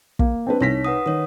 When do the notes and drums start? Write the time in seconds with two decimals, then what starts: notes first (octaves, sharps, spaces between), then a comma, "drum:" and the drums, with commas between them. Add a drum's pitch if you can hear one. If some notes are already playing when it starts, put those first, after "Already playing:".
0.19 A#3, drum: kick
0.47 C4 D4 B4
0.61 C2 D#4 C#5 A#6 B6
0.85 B4 F#5 D#6
1.06 D#3 C#5 D#6